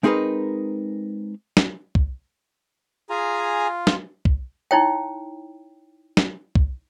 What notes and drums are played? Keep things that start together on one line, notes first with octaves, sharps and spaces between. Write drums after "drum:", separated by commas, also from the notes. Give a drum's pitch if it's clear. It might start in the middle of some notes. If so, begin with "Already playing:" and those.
G#3 C4 D#4 G#4 A#4 B4
drum: snare
drum: kick
F4 G#4 G#5 A#5
drum: snare
drum: kick
D#4 E4 C#5 G5
drum: snare
drum: kick